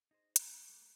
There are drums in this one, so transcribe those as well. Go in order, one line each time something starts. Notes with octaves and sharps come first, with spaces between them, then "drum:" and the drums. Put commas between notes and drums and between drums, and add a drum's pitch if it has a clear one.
D#4 G#4 C5 D#5
G3 C#4 B5, drum: hi-hat
B3 D6
G#3 A4
A#3 B4